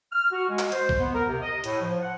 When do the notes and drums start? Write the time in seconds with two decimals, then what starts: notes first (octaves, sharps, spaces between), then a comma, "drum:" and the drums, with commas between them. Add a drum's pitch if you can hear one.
0.12 F6
0.31 F#4
0.48 G#3
0.59 drum: clap
0.72 C5, drum: hi-hat
0.89 drum: kick A#1
0.99 B3
1.13 A#4
1.28 C3
1.41 D#5
1.64 A2, drum: hi-hat
1.80 F3
2.01 F#5